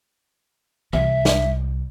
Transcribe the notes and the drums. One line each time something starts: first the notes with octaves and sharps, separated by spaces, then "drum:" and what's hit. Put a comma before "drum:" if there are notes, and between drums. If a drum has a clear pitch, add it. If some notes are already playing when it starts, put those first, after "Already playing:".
C2 E5, drum: tom E3
drum: snare